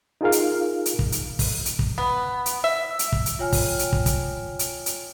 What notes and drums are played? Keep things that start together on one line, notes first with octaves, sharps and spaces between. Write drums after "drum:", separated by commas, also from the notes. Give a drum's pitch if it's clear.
D#4 F4 G#4 A#4 F5
drum: hi-hat
drum: hi-hat
drum: kick
drum: hi-hat
drum: kick, open hi-hat
drum: hi-hat
drum: kick
B3
drum: hi-hat
E5
drum: hi-hat
drum: kick
drum: hi-hat
F4 C#5 G5 G#5 F6
drum: kick, open hi-hat
drum: hi-hat
drum: kick
drum: kick, hi-hat
drum: hi-hat
drum: hi-hat